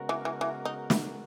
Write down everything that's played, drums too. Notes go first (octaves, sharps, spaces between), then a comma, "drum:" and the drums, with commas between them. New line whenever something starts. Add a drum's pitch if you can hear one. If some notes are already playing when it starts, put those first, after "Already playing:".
Already playing: C#3 G#3 B3 F#4 A#4
E3
E3
E3
D#4
E4, drum: snare